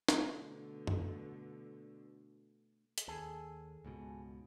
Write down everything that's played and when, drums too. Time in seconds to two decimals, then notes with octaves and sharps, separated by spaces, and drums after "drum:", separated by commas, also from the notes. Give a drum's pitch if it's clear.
0.09 drum: snare
0.19 B2 D3 A3
0.87 drum: tom
2.98 drum: hi-hat
3.08 D#2 G#4 A4
3.84 C#2 G#2 B2